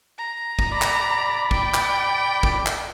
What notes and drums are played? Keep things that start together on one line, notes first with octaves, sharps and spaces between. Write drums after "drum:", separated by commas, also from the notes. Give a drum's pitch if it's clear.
A#5
drum: kick
D5 B5
drum: clap
G5, drum: kick
drum: clap
drum: kick
drum: clap